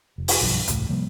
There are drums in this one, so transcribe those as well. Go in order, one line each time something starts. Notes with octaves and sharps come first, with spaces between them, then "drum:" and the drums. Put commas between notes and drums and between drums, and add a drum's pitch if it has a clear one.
F1
drum: open hi-hat
B1 G2 F3
E1 C#2 A2, drum: hi-hat
C3 F3 G3 A#3